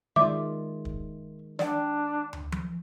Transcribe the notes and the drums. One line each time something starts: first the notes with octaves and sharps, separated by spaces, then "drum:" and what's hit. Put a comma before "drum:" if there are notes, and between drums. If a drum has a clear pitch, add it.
D#3 G#3 F4 D5 E5 D6
drum: kick
D4 D5 G5, drum: snare
drum: tom
drum: tom F3